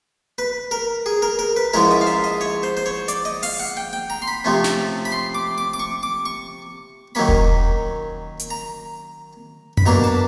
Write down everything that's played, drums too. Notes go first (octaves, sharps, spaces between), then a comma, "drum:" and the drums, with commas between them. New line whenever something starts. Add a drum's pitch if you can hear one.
B4
A#4
G#4
A#4
A#4
B4
G#2 F3 G#3 C#4 E4 A#4
D#5
F5
E5
D#5
C#5
C5
C5
C#5
D5, drum: hi-hat
D#5
F5, drum: open hi-hat
F#5
G5
G5
A#5
C6
B5
C3 F3 A3 C#4
drum: snare
B5
C6
D6
D6
D6
C#6
D6
C#6
D#3 F#3 A#3 C#4 B5
drum: kick E1
drum: hi-hat
A#5
B5, drum: tom F#2
B2 F#3 A#3 D4 A#5
A5